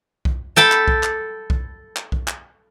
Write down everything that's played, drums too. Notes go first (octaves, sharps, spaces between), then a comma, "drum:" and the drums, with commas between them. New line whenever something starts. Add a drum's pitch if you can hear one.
drum: kick B1
A4 G5 A5 B5
drum: clap
drum: kick B1
drum: clap
drum: kick B1
drum: clap
drum: kick B1
drum: clap